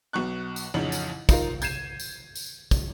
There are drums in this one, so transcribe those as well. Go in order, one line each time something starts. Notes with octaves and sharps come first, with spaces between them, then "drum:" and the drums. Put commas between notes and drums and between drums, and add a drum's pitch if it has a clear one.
B1 B2 C#6 F#6
drum: tambourine
A1 F2 C#3 C#4 D#4 F#7
drum: tambourine
D#4 F4 A#4, drum: kick, tambourine
G6 G#6 C7 D#7 E7, drum: tambourine
drum: tambourine
drum: tambourine
drum: kick, tambourine